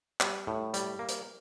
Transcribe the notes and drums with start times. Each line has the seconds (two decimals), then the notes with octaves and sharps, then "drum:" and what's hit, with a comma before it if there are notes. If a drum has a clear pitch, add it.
0.20 G3, drum: clap
0.47 A2
0.74 G3, drum: hi-hat
0.99 A#3
1.08 drum: hi-hat